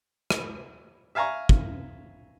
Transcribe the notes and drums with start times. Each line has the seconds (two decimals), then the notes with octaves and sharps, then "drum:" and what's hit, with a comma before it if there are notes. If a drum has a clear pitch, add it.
0.30 drum: rim click
1.15 E5 F5 G#5 A#5 C#6
1.49 drum: kick